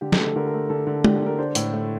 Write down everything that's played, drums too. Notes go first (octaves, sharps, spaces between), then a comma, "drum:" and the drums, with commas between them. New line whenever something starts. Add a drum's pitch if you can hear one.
D3 G4
A4, drum: snare
A3
A4
D3 A#4
A#4
A3
D3 A4
D3
D4 G4, drum: tom
A4
D3 A#4
D4 C5
A2, drum: hi-hat
A3